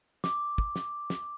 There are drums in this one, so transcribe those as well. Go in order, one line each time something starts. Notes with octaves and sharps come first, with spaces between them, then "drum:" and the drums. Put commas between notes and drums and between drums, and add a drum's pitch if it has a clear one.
D6, drum: snare
drum: kick
drum: snare
drum: snare